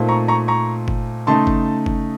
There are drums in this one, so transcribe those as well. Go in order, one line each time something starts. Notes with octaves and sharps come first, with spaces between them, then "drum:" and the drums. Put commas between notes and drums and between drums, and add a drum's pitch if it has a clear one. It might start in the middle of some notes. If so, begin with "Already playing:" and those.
Already playing: A#2 A3 C4 D#4
A#5 C#6
A#5 C#6
A#5 C#6
drum: kick G1
C#3 A3 D#4 A5 C6
drum: kick G1
drum: kick G1